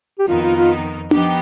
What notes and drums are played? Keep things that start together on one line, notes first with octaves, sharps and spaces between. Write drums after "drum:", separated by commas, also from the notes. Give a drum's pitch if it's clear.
G4
F2 D#3 B3 D#4 F4
F4
F4
F3 B3 D#4 G4, drum: tom D4